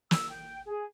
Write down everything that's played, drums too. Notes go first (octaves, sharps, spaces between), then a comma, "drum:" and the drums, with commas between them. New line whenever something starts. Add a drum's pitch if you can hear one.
E6, drum: snare
G5
G#4